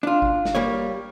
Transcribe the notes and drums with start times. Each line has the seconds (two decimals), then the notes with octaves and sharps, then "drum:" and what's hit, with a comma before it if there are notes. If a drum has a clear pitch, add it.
0.03 D4 F4
0.22 drum: kick G#1
0.45 drum: snare
0.55 G3 A#3 C#5